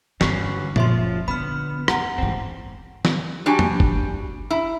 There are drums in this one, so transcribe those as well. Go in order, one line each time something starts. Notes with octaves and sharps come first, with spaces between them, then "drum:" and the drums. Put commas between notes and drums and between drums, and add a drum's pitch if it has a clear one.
G2 D3 C#4 F#4 B4 C#6 B6 C7, drum: snare
F#1 F3 F4 C#5 E5 C6, drum: tom A#2
D3 B3 B5 F6
F2 F#5 A#5, drum: rim click
A#1 E2 G#2 C4
drum: snare
G3 D4 F#4 G4 G#5
drum: tom
drum: kick F#1
E4